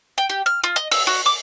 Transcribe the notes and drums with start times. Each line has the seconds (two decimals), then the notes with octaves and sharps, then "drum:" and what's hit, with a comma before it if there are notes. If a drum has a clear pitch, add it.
0.18 G5
0.29 G4
0.46 F6
0.64 F4
0.76 D#5
0.92 E6, drum: open hi-hat
1.07 F#4
1.26 D6